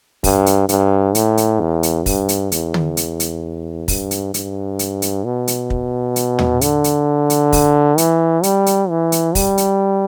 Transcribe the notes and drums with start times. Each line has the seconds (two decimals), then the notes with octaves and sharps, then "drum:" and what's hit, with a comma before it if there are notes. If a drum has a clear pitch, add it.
0.24 G2, drum: kick, open hi-hat
0.46 drum: hi-hat
0.69 G2, drum: hi-hat
1.15 A2, drum: hi-hat
1.37 drum: hi-hat
1.60 E2
1.83 drum: hi-hat
2.06 G2, drum: kick, open hi-hat
2.29 drum: hi-hat
2.52 E2, drum: hi-hat
2.74 drum: tom
2.97 drum: hi-hat
3.20 drum: hi-hat
3.88 G2, drum: kick, open hi-hat
4.11 drum: hi-hat
4.34 G2, drum: hi-hat
4.79 drum: hi-hat
5.02 drum: hi-hat
5.24 B2
5.47 drum: hi-hat
5.70 drum: kick
6.16 drum: hi-hat
6.39 drum: tom
6.61 D3, drum: hi-hat
6.84 drum: hi-hat
7.30 drum: hi-hat
7.53 drum: kick, open hi-hat
7.98 E3, drum: hi-hat
8.43 G3, drum: hi-hat
8.66 drum: hi-hat
8.89 E3
9.12 drum: hi-hat
9.35 G3, drum: kick, open hi-hat
9.58 drum: hi-hat